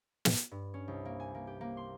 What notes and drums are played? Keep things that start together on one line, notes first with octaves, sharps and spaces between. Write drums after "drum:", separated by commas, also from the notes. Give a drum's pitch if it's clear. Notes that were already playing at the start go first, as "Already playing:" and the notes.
drum: snare
G2
C#4
C2
A#3
G#5
A#3
G4
A#3
C6